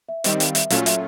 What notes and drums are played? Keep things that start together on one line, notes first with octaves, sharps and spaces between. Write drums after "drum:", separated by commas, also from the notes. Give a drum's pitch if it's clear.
E5
D#3 G3 C4 D#5, drum: hi-hat
F5, drum: hi-hat
E5, drum: hi-hat
A#2 F#3 A3 C#4 F4 F5, drum: hi-hat
E5, drum: hi-hat